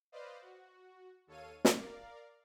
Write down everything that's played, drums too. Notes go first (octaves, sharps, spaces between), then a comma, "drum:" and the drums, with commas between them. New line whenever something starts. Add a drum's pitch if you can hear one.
B4 C5 D5 D#5 F5
F#4
D#2 A4 C#5 F5 D#7
A#4 D5 F5, drum: snare